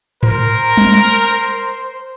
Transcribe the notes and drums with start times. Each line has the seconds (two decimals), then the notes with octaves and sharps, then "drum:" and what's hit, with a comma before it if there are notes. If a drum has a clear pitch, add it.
0.23 A#4 C5, drum: tom G#2
0.77 drum: tom G3